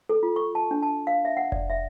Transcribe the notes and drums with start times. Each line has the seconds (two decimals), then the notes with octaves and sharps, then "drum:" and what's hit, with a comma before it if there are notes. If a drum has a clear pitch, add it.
0.09 A4
0.23 F4
0.36 C#6
0.55 A5
0.71 D4
0.82 A5
1.07 F5
1.25 E5
1.37 F#5
1.52 D5, drum: kick F1
1.70 E5